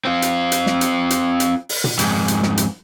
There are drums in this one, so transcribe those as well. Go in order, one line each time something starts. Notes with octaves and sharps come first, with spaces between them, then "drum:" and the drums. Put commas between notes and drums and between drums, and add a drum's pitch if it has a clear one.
C4 F4
drum: hi-hat
drum: hi-hat
drum: snare
drum: hi-hat
drum: hi-hat
drum: hi-hat
drum: open hi-hat
drum: tom
F2 G#2, drum: hi-hat
drum: hi-hat
drum: snare
drum: hi-hat